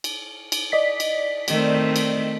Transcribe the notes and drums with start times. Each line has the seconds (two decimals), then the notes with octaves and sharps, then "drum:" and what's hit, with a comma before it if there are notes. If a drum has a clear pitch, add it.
0.04 drum: cymbal
0.52 drum: cymbal
0.72 D5 D#5 B6
1.00 drum: cymbal
1.48 D#3 A3 C4, drum: cymbal
1.96 drum: cymbal